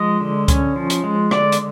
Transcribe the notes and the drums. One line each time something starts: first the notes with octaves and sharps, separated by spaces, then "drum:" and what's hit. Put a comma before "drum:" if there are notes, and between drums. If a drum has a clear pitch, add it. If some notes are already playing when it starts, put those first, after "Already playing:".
Already playing: F3 G#3 D#5
D3
C#4, drum: kick C#2, hi-hat
F3
drum: hi-hat
G#3
D3 D5, drum: rim click
drum: hi-hat